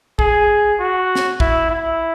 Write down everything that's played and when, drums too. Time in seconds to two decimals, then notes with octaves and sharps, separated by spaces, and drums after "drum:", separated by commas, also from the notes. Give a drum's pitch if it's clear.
0.19 G#4, drum: kick
0.80 F#4
1.15 drum: snare
1.40 E4, drum: kick
1.70 E4